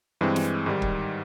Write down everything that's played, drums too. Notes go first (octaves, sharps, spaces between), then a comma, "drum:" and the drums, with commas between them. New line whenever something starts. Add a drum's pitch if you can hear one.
G2 E3 G#3 C4
drum: snare
G#2 D#3 G3
drum: kick